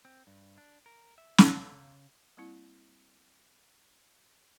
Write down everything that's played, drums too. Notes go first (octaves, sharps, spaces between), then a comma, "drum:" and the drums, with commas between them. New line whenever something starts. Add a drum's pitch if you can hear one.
C4
G2
D4
A#4
E5
B4, drum: snare
C#3
G3 A#3 C4 E4